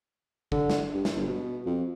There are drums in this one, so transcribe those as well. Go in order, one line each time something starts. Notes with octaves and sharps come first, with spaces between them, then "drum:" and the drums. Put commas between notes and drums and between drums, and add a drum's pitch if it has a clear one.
D3, drum: kick G#1
drum: snare
G2
drum: snare
G1
B2
F2